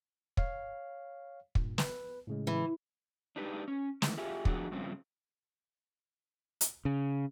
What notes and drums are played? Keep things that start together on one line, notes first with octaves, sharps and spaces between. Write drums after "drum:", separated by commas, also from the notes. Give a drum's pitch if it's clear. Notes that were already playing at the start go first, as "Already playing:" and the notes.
C#5 F5, drum: kick
G2 A#2, drum: kick
B4, drum: snare
A2 C#3 G#3
E3
D4 D#4 G4 B4
C#4
D#3 E3 G#3 A3, drum: snare
F4 G4 G#4 E5
F3 D4 F#4 G#4, drum: kick
G2 C#3 F3 C4
drum: hi-hat
C#3